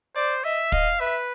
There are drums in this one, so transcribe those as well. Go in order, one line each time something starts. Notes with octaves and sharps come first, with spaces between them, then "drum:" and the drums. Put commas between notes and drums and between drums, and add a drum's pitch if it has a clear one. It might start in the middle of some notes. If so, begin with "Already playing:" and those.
C5 D5
D#5 E5
D#5 F5, drum: kick
B4 E5